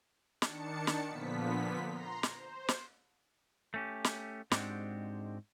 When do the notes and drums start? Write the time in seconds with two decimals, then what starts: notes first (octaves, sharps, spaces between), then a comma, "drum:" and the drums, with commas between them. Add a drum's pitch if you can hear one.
0.42 D#3 D4 A5 C#7, drum: snare
0.87 drum: snare
1.06 A#2 D3 F3 B3 B6
1.88 A#5 C6
2.23 drum: snare
2.35 C5
2.68 drum: snare
3.74 A3 C#4 G4
4.04 drum: snare
4.51 G#2 G#3 C4 D4 F#4 G4, drum: snare